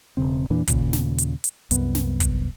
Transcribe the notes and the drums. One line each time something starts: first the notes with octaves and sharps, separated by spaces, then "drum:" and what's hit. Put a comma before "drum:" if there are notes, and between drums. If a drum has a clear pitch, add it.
E1 D#2 C#3 C4
E2 A#2 E3 D4
D#2 A#2 C#3, drum: kick, hi-hat
drum: snare
drum: hi-hat
drum: hi-hat
C2 F#2 B3, drum: hi-hat
drum: snare
drum: kick, hi-hat